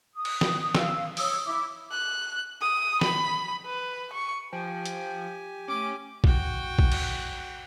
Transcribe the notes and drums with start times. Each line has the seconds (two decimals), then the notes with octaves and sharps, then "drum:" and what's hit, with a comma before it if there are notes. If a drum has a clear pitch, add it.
0.14 D#6
0.25 drum: cymbal
0.41 drum: snare
0.75 F5 E6, drum: snare
1.17 C#5 D#6 E6, drum: open hi-hat
1.45 E4 D6
1.91 F#6
2.61 D#6
3.01 B5, drum: snare
3.66 B4
4.13 C#6
4.53 F3 G4 G5 G#5
4.86 drum: hi-hat
5.68 A3 C#4 D6
6.24 F#4 G5, drum: kick
6.79 drum: kick
6.92 drum: cymbal